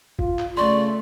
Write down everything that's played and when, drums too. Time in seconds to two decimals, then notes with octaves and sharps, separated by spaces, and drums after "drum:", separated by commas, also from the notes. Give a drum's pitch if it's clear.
0.19 F4, drum: kick
0.39 drum: clap
0.57 C#3 A3 D5 C6 C#6